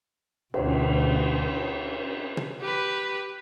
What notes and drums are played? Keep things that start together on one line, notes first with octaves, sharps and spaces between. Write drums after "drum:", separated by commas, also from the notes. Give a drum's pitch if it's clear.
D2 B2, drum: cymbal
drum: tom
G4 B4